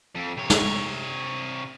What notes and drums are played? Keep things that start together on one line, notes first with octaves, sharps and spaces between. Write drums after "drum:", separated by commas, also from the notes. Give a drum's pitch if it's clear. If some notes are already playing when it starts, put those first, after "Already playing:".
F2
C3 C#5
drum: snare